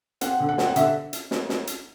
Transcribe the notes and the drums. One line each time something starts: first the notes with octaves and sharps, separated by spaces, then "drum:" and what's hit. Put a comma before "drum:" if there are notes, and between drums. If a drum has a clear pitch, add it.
C4 F#5, drum: hi-hat
D3
F#5
C4, drum: snare
F#5
D3 E5, drum: hi-hat
drum: hi-hat
drum: snare
drum: snare
drum: hi-hat